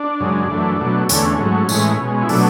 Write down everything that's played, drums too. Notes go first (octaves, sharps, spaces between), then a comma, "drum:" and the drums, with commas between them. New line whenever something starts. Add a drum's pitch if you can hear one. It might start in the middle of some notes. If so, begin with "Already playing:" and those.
Already playing: D4
F#2 C#3 G#3
F#2 E3 A3
B2 F#3 A3
E2 D3 A3 C#4, drum: hi-hat
G#2 F#3 A3
A2 E3 G#3 C#4, drum: tambourine
B2 G#3
E4
B2 F#3 A3 D4, drum: open hi-hat